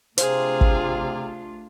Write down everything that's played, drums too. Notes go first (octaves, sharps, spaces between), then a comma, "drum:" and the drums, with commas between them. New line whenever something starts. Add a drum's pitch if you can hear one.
C3 A3 D4 F4 G#4 C5 F5, drum: hi-hat
drum: kick